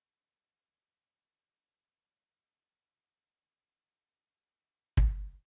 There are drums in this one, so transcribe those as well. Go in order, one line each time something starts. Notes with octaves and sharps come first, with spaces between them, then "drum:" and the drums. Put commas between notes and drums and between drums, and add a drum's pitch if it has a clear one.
G3
C5
A4
E4 C#5
G#1 D#5
F4 D5
drum: kick